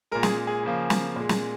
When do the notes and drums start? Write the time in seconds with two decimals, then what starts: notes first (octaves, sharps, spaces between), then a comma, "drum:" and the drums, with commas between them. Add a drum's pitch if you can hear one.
0.12 A#2 G#3 A#4
0.23 G#4, drum: snare
0.47 G#4
0.63 C#3 F3 A#3
0.90 drum: snare
1.16 A#2 G#3
1.29 drum: snare